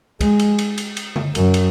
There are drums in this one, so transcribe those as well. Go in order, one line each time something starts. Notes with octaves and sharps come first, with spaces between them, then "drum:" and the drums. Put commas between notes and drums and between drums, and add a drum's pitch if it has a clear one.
G#3, drum: kick, cymbal
drum: cymbal
drum: cymbal
drum: cymbal
drum: cymbal
drum: tom C#3
F#2, drum: cymbal
drum: cymbal